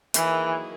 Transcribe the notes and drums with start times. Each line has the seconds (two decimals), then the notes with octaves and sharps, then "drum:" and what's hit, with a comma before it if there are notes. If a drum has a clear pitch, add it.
0.14 D#3 E3 F#3 A#3 E4 G#4, drum: hi-hat